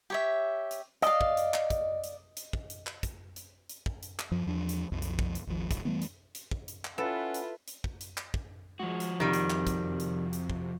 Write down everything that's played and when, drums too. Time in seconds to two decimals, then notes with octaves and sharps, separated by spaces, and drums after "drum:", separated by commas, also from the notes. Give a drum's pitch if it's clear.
0.10 G4 C#5 E5
0.71 drum: hi-hat
1.02 D5 D#5 F5, drum: hi-hat
1.21 drum: kick
1.37 drum: hi-hat
1.54 drum: clap
1.70 drum: kick, hi-hat
2.04 drum: hi-hat
2.37 drum: hi-hat
2.53 drum: kick
2.70 drum: hi-hat
2.87 drum: clap
3.03 drum: kick, hi-hat
3.36 drum: hi-hat
3.69 drum: hi-hat
3.86 drum: kick
4.03 drum: hi-hat
4.19 drum: clap
4.31 F#2 F3
4.46 E2 F3 D4
4.69 drum: hi-hat
4.92 B1 F2 F3
5.02 drum: hi-hat
5.19 drum: kick
5.35 drum: hi-hat
5.47 G#1 D#2 F3
5.71 D1, drum: kick, hi-hat
5.85 E3 G3 A3 B3
6.02 drum: hi-hat
6.35 drum: hi-hat
6.51 drum: kick
6.68 drum: hi-hat
6.85 drum: clap
6.98 C#4 E4 F4 A4 B4 F#5
7.34 drum: hi-hat
7.68 drum: hi-hat
7.84 drum: kick
8.01 drum: hi-hat
8.17 drum: clap
8.34 drum: kick
8.79 F3 G#3 F#4
9.00 drum: hi-hat
9.20 F2 C3 D#3 G3
9.33 drum: hi-hat
9.50 drum: clap
9.67 drum: kick, hi-hat
10.00 drum: hi-hat
10.33 drum: hi-hat
10.50 drum: kick